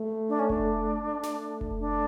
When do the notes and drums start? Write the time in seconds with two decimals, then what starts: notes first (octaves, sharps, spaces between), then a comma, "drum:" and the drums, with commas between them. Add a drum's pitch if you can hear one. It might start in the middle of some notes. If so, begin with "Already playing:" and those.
Already playing: A3
0.29 D4
0.39 C#4
0.50 D4, drum: kick F1
1.05 A3
1.23 drum: snare
1.61 drum: kick F1
1.80 D4